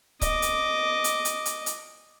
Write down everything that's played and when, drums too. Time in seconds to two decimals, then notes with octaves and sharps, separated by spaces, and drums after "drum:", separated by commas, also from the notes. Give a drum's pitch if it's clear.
0.21 D#5 D6, drum: kick C#1, hi-hat
0.42 drum: hi-hat
1.04 drum: hi-hat
1.25 drum: hi-hat
1.45 drum: hi-hat
1.66 drum: hi-hat